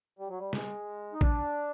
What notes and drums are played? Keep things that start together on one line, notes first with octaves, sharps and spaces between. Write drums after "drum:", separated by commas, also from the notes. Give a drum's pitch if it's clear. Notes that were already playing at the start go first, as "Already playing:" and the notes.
G3
F#3
G3
G#3, drum: snare
D#4
D4, drum: kick A1